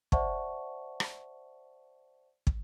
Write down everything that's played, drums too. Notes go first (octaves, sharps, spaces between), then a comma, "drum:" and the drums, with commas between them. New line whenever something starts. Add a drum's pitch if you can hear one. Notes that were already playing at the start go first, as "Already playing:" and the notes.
C5 D5 E5 F#5 A5 C#6, drum: kick
drum: rim click
drum: kick